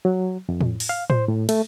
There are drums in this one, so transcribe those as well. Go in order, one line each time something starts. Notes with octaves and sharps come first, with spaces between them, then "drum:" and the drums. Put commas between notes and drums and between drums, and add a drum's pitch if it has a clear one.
F#3
F2
drum: tom A2
drum: open hi-hat
F5
C5, drum: tom A2
A2
A3, drum: cymbal